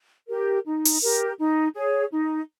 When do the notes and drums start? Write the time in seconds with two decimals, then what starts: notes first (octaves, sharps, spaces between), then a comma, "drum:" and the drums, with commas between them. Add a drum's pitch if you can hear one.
0.29 G4 A#4
0.66 D#4
0.85 drum: open hi-hat
1.02 G4 A#4
1.38 D#4
1.75 G#4 C#5
2.12 D#4